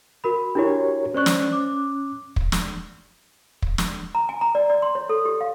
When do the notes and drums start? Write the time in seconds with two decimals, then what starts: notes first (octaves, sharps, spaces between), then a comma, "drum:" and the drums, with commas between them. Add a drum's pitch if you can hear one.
0.24 F#4 A#4 B5
0.55 D4 E4 F#4 G4 A#4 C#5
1.14 C#4 C5 D5 C#6 F#6
1.26 drum: snare
1.53 D6
2.36 drum: kick
2.52 drum: snare
3.62 drum: kick
3.78 drum: snare
4.15 A#5
4.29 G#5
4.41 A#5
4.55 D5
4.70 D5
4.82 C6
4.95 C#5
5.09 A4
5.26 G4
5.41 F5